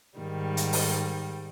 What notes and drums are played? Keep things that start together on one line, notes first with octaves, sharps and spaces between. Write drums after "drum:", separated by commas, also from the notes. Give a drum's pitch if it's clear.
G#2 D#3 G3
drum: hi-hat
drum: open hi-hat